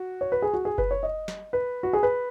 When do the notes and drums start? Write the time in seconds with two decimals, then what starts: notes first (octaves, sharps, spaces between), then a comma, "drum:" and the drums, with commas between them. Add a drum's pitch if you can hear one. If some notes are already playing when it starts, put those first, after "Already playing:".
Already playing: F#4
0.21 C#5
0.32 B4
0.42 G#4
0.54 F#4
0.65 G#4
0.78 B4, drum: kick F#1
0.91 C#5
1.03 D#5
1.28 drum: snare
1.53 B4
1.83 F#4
1.93 G#4
2.03 B4